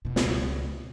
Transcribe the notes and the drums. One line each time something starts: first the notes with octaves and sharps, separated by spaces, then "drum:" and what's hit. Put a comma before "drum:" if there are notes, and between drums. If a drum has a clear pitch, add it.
C#2 B2
drum: snare